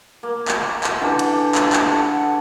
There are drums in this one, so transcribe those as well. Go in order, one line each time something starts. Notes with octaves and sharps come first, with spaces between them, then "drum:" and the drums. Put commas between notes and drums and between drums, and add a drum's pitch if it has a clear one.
A#3
drum: clap
drum: clap
D3 E3 G4 B4
drum: cymbal
drum: clap
drum: clap
A4 F#5